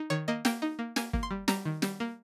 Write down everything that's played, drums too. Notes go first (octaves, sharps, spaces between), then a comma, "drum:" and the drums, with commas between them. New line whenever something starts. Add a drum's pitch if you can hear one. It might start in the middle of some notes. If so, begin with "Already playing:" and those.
Already playing: D#4
D#3 C#5
A#3 D#5
A#3 G5, drum: snare
D#4
A#3
A#3 G#5, drum: snare
A#3, drum: kick
C6
G3
G3 A#5, drum: snare
D#3
G3, drum: snare
A#3